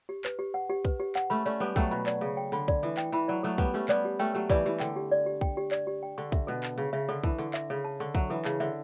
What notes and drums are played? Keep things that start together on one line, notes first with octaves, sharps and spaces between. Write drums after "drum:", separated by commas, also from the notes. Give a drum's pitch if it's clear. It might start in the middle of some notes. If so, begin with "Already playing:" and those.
G4
B4, drum: clap
G4
F#5
G4
B4, drum: kick
G4
F#5, drum: clap
A3 C#4 B5
A3 C#4 D5
G3 B3 A4
F#3 A3 G5, drum: kick
B2 B5
D5, drum: clap
C#3 A4
G5
D3 B5
D5, drum: kick
E3 A4
G5, drum: clap
E3 B5
F#3 D5
F#3 A3 A4
G3 B3 G5, drum: kick
A3 C#4 G4
G3 B3 D5, drum: clap
G4
A3 C#4 G5
F#3 A3 G4
E3 G3 D5, drum: kick
E3 G4
D3 G5, drum: clap
G4
D5
G4
G5, drum: kick
G4
D5, drum: clap
G4
G5
D3 C#6
E5, drum: kick
B2 A4
A5, drum: clap
C#3 C#6
C#3 E5
D3 A4
E3 A5, drum: kick
D3 C#6
E5, drum: clap
C#3 A4
A5
D3 C#6
F#3 E5, drum: kick
E3 A4
C#3 A5, drum: clap
D3 E5